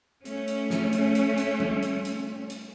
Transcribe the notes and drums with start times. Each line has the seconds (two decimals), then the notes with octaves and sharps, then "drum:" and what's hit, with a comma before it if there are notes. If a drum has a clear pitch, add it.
0.25 A3 C#4, drum: hi-hat
0.48 drum: hi-hat
0.70 drum: snare
0.93 drum: hi-hat
1.15 drum: hi-hat
1.38 drum: hi-hat
1.60 drum: tom G3
1.83 drum: hi-hat
2.05 drum: hi-hat
2.50 drum: hi-hat